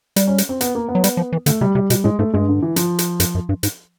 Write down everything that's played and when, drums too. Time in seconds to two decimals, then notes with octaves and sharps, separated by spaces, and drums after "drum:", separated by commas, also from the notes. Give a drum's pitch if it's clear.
0.16 G3, drum: hi-hat
0.27 C#4
0.38 drum: hi-hat
0.49 C4
0.61 B3, drum: hi-hat
0.75 A#3
0.89 B3
0.95 F#3
1.04 G3, drum: hi-hat
1.17 F3
1.33 E3
1.46 D3 A3, drum: hi-hat
1.61 C3 G3
1.75 C3 G3
1.90 B2 G3, drum: hi-hat
2.04 A2 G#3
2.19 G#2 A3
2.33 G2 G#3
2.49 D3
2.62 E3
2.76 F3, drum: hi-hat
2.99 drum: hi-hat
3.20 F#2, drum: hi-hat
3.35 F#2
3.49 G2
3.63 G#2, drum: hi-hat